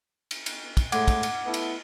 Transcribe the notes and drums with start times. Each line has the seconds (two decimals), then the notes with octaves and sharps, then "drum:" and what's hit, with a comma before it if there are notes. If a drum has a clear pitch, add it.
0.31 drum: cymbal
0.46 drum: cymbal
0.77 drum: kick, cymbal
0.92 A2 G#3 A3 F#5 D6 G#6, drum: cymbal
1.08 drum: kick, cymbal
1.23 drum: cymbal
1.44 A3 B3 E4
1.54 drum: cymbal